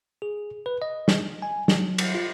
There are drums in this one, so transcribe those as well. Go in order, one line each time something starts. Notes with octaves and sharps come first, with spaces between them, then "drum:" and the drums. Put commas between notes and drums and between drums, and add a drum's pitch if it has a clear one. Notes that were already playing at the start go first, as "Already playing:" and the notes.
G#4
B4
D#5
drum: snare
G#5
F#3, drum: snare
drum: cymbal
F4